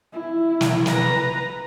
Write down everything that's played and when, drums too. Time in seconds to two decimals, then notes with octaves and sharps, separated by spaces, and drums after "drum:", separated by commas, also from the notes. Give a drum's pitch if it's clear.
0.13 E4
0.61 drum: snare
0.86 B4 A#5, drum: snare